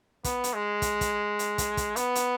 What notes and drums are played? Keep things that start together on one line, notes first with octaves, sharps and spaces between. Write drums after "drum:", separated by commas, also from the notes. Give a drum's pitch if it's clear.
B3, drum: kick, hi-hat
drum: hi-hat
G#3
drum: kick, hi-hat
drum: kick, hi-hat
drum: hi-hat
drum: kick, hi-hat
drum: kick, hi-hat
B3, drum: hi-hat
drum: hi-hat